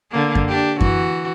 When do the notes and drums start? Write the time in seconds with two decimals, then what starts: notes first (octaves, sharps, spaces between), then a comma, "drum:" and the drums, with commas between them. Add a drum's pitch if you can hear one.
0.12 D3 A#3
0.35 drum: kick F#2
0.49 D4 G4
0.81 E3 F#4, drum: kick F#2